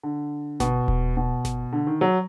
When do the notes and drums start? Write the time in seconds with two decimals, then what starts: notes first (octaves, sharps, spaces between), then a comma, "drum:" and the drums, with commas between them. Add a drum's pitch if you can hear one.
0.03 D3
0.60 B2, drum: snare G1
0.88 drum: kick D#1
1.17 B2
1.45 drum: snare G1
1.72 D3
1.87 D#3
2.01 F#3